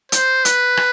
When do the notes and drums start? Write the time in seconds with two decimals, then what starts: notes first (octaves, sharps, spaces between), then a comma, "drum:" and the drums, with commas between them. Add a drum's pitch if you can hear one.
0.12 C5, drum: hi-hat
0.45 B4, drum: hi-hat
0.77 drum: rim click